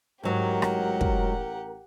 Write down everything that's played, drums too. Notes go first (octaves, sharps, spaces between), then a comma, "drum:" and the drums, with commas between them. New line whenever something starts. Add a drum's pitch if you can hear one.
A1 G#2 F#3 G4 A#4 F#5
drum: rim click
drum: kick